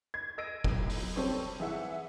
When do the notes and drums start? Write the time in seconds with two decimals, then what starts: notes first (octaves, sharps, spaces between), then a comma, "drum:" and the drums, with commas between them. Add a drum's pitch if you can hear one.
0.14 G#6
0.38 D#5 E6 G#6 A#6 D7 D#7
0.64 B1, drum: kick F1
0.90 drum: open hi-hat
1.16 C3 G3 C4 A4 C#5
1.60 E3 G#4 E5 F#5 E6